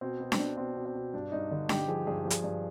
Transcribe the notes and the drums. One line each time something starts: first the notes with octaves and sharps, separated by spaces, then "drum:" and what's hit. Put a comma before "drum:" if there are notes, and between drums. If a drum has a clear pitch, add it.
B2 C4
B2 B3
C4, drum: snare D4
B2 D4
B2 C4
B2
C4
B2
G2 D4
G2 D#4
D3
D3 G4, drum: snare D4
F3 G#4
G2 G#4
G4
F3
G#4, drum: hi-hat
G2